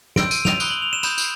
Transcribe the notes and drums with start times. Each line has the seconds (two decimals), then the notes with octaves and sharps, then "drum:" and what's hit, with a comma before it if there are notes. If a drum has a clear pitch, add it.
0.16 C6 E6 G6 D7, drum: snare
0.31 D#7, drum: tambourine
0.45 F7, drum: snare
0.60 B5 D#6 F#6 G7, drum: tambourine
0.70 F#7
0.82 F7
0.93 E7
1.03 B5 D#6 G6 E7, drum: tambourine
1.18 drum: tambourine